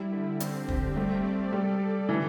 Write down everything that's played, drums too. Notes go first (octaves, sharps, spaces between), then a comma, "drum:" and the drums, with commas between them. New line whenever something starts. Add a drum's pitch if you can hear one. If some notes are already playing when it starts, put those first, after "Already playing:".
Already playing: G3 E4
D3
C4, drum: hi-hat
G4, drum: kick
G3 A3
D5
G3 A4
A4
D3 E3